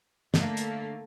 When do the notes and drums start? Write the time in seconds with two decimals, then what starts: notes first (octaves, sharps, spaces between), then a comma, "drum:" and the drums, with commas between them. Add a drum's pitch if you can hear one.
0.34 D3 A3 A#3, drum: snare
0.57 drum: hi-hat